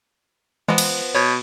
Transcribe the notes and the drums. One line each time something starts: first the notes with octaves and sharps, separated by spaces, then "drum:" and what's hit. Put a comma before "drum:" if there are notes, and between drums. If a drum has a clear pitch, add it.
E3 F3 G#3 B3
drum: cymbal
B2 C#5 G#6